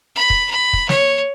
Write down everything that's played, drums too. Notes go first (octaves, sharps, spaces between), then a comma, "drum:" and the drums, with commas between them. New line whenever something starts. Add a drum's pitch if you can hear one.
B5
drum: kick
B5
drum: kick
C#5, drum: snare